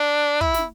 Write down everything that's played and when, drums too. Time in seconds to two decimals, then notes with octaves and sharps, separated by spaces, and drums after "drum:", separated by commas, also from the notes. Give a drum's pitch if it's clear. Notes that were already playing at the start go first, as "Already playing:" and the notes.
Already playing: D4
0.41 E4, drum: kick
0.54 drum: snare